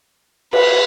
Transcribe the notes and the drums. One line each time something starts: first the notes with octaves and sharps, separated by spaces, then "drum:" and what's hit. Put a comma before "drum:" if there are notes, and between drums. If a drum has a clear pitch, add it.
B4, drum: cymbal